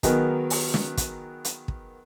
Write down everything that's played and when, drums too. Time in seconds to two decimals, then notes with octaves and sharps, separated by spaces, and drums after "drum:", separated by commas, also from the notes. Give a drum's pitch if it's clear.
0.03 D#3 F#3 B3 G#4 A#4, drum: kick, hi-hat
0.50 drum: open hi-hat
0.74 drum: snare
0.97 drum: kick, hi-hat
1.45 drum: hi-hat
1.68 drum: kick